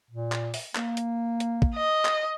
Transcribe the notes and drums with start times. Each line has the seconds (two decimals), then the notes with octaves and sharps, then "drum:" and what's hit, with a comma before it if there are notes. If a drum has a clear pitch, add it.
0.11 A#2
0.32 drum: clap
0.54 drum: open hi-hat
0.75 A#3, drum: clap
0.97 drum: hi-hat
1.40 drum: hi-hat
1.62 drum: kick
1.75 D#5
2.05 drum: clap